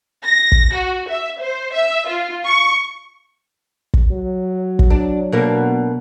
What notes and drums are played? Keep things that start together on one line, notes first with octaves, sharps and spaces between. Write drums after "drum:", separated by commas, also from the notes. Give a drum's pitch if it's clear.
A#6
drum: kick
F#4
E5
C5
E5
F4
C#6
drum: kick
F#3
drum: kick
D4
B2 A#3 D4